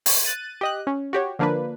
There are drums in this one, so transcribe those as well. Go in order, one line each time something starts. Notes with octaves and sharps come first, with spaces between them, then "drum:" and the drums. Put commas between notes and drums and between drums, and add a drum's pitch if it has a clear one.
drum: open hi-hat
F#6 A6 D#7
G4 D#5 F#6
C#4
F#4 G4 C#5
D3 F3 A#3 D4 B4